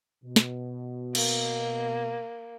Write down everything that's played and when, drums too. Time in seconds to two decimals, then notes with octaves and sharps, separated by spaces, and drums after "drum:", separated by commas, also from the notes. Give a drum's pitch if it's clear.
0.24 B2
0.36 drum: snare
1.15 A#3, drum: cymbal